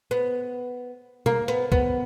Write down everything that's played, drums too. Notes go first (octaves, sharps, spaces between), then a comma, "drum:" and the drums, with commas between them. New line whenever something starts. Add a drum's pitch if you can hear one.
B3
A#3, drum: tom B2
B3, drum: hi-hat
B3, drum: kick C2